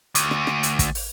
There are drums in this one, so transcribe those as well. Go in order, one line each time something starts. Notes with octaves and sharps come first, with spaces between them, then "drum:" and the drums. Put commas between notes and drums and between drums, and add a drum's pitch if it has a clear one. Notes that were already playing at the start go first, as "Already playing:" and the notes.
D2, drum: hi-hat
drum: rim click
drum: rim click
drum: hi-hat
drum: kick, hi-hat
drum: open hi-hat